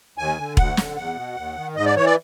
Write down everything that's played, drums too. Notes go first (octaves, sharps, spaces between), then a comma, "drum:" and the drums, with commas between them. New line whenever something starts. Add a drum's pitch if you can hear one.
D#2 G#5
D3
D2 F#5, drum: kick E1
D3, drum: snare
E2 F#5
B2
D#2
D#3
G#2 D#5
D5
E3 C#5
D5